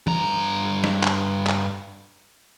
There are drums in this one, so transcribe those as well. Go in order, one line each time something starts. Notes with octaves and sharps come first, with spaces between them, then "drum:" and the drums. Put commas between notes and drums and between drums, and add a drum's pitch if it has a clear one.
G2 A#5, drum: tom E3
drum: snare
drum: clap
drum: clap